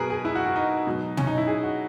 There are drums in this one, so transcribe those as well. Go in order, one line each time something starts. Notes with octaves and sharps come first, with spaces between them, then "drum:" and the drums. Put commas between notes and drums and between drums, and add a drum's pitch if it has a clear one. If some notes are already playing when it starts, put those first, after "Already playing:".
Already playing: B2 F#3 G#4 A#4 B4
G#4
E4
F#4
F#4
D#4
B2 F#3
C#4, drum: tom
D#4
E4
G#4
F#4